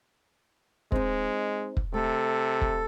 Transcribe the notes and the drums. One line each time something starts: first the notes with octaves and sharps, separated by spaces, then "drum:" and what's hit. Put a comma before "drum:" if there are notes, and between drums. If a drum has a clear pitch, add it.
G#3 C4 D#4, drum: kick
drum: kick
C3 A3 A4
drum: kick